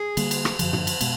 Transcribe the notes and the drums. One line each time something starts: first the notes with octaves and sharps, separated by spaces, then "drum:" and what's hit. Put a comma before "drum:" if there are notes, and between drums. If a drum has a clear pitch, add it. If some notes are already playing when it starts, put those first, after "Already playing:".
Already playing: G#4
D3 G3 A#3, drum: cymbal
drum: cymbal
drum: rim click
F#2 D3 F3, drum: cymbal
drum: tom
drum: cymbal
B2 G#3 B3, drum: cymbal